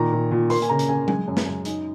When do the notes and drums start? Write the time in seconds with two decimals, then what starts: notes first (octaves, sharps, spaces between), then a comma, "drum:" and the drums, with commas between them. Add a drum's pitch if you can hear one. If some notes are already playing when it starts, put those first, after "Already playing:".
Already playing: A#2 D#3 A#5
0.12 A#2
0.31 A#2
0.50 A#3 C6, drum: open hi-hat
0.62 G#5, drum: hi-hat
0.69 C#3 A#5
0.79 drum: hi-hat
0.89 C#3 G#5
1.08 G#3 G#5, drum: tom F#3
1.28 F#2
1.37 drum: snare
1.46 F#2
1.65 D#4, drum: hi-hat